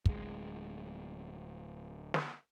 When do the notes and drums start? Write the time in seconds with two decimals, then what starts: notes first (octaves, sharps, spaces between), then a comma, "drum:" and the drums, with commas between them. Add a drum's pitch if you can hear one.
0.06 D1 G#3, drum: kick
2.14 drum: snare